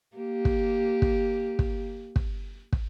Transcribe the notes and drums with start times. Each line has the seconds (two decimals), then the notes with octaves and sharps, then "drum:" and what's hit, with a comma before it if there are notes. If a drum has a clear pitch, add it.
0.17 A#3 G4
0.45 drum: kick
1.02 drum: kick
1.59 drum: kick
2.16 drum: kick
2.73 drum: kick